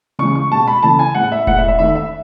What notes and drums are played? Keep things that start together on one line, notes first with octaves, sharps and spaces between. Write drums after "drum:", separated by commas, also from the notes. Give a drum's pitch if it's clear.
C#3 E3 G#3 C#6
C#6
B2 G#3 A5
B5
C#3 E3 A3 A5
G#5
A2 G#3 F#5
E5
A2 G#3 F#5, drum: kick E1
E5
E5
D#3 A3 E5
E5